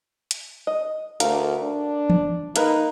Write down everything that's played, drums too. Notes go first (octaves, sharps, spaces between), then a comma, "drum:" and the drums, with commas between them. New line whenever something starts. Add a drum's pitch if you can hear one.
drum: hi-hat
D#5
D2 A#4 F5, drum: hi-hat
D4
drum: tom E3
A#3 D#4 A#4 B4, drum: hi-hat